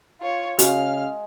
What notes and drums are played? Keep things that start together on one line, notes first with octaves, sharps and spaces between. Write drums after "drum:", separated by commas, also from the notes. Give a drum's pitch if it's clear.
F4 C#5
C#3 G#3 F#4 F5 F6, drum: hi-hat